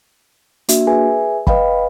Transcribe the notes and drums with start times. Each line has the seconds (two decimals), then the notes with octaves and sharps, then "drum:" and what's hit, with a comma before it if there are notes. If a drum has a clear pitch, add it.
0.69 A#3 D4 F#4 E5, drum: hi-hat
0.87 G#4 B4 E5 G#5
1.47 B4 D#5 F5 G5 B5, drum: kick